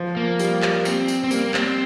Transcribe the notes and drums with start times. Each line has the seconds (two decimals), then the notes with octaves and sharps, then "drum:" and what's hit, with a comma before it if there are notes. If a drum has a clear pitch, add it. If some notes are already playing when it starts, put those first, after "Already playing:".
Already playing: F3
0.17 A#3
0.39 G3, drum: tambourine
0.62 drum: clap
0.85 C4, drum: tambourine
1.08 drum: tambourine
1.24 C4
1.31 G3 A#3, drum: tambourine
1.54 C4, drum: clap